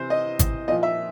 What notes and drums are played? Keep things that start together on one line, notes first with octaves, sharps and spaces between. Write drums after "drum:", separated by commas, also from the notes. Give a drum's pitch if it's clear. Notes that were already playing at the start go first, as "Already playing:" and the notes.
Already playing: C3 E3 C5
D#5
drum: kick, hi-hat
A#2 F3 D#5
E5